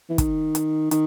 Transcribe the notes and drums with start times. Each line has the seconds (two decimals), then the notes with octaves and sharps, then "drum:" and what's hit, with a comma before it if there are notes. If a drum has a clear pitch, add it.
0.09 E3
0.18 D#3, drum: kick, hi-hat
0.55 drum: hi-hat
0.91 D#3, drum: hi-hat